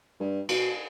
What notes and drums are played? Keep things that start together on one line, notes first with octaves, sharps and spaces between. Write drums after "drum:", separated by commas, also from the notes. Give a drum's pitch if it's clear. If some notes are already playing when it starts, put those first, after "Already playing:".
G2
B2, drum: cymbal